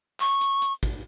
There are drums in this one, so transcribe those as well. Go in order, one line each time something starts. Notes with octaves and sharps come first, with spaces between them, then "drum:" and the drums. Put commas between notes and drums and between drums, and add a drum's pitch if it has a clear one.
C#6, drum: clap
drum: hi-hat
drum: hi-hat
drum: kick, hi-hat